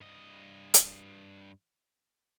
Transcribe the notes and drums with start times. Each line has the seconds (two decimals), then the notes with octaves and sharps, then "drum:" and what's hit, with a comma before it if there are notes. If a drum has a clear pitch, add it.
0.01 G2 D#5
0.74 drum: hi-hat